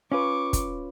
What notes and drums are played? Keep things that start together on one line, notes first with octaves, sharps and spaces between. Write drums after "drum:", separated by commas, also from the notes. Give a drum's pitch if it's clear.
C#4 F4 B4 C#6 D6
drum: kick, hi-hat